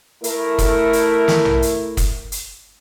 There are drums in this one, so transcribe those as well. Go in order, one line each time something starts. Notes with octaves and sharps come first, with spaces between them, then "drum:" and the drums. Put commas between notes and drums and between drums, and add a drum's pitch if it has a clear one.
A3 E4 A#4, drum: hi-hat
drum: kick, hi-hat
drum: hi-hat
drum: snare
drum: tom A#1
drum: hi-hat
drum: kick, hi-hat
drum: hi-hat